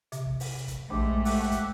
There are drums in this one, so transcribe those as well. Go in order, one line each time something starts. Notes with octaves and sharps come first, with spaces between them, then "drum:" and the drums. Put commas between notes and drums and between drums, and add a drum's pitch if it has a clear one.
C3, drum: hi-hat
drum: kick
drum: open hi-hat
drum: kick, hi-hat
A#1 G#2 G#3 A3 G4
drum: kick
G4 E5 F#5, drum: open hi-hat
drum: kick, hi-hat